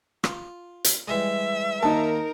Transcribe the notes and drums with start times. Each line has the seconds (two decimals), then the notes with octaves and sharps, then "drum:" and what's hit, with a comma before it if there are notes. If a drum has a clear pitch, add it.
0.24 F4, drum: rim click
0.84 drum: hi-hat
1.08 E3 G3 G#3 E5
1.83 D#2 A#3 D#4 A#4 A5